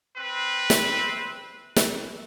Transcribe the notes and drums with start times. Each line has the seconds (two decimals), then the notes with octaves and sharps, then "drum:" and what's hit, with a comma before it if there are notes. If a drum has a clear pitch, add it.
0.17 C4 B4
0.70 drum: snare
1.76 drum: snare